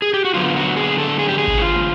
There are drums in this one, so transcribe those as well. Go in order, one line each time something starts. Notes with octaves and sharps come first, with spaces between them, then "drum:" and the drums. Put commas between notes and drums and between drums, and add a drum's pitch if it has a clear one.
G#4
G4
F#4
D3 F#3 B3 F4
F#4
G#4
A4
G#4
G4
G#4
drum: kick G#1
F#4
F4
drum: tom